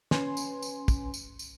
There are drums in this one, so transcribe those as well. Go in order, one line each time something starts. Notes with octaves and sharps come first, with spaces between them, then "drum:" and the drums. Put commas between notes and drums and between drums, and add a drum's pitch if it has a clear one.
C#4 B4 G#5 C6, drum: snare
drum: tambourine
drum: tambourine
drum: kick, tambourine
drum: tambourine
drum: tambourine